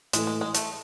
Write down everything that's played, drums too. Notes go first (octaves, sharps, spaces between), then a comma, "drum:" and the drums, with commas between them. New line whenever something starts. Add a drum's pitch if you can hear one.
A2 E3 G#3 A3, drum: hi-hat
G#3
G#3
A3, drum: hi-hat